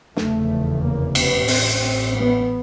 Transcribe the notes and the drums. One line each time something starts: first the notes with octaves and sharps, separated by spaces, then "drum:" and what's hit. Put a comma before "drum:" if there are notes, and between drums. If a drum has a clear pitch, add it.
F1 E2 C#3 A3, drum: snare
A#3
B3, drum: cymbal
A1 A2 C4, drum: open hi-hat
B3